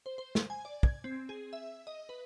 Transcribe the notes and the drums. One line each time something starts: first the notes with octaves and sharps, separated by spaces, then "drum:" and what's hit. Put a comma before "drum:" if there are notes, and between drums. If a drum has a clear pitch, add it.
C5
C5
drum: snare
G#5
D5
G#6, drum: kick
C4
G#4
E5
D#5
B4